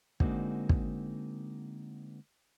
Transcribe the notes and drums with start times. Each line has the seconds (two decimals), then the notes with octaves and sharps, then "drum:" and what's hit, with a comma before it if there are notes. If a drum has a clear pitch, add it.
0.20 D3 G#3 A#3 C4 D#4 F#4, drum: kick
0.69 drum: kick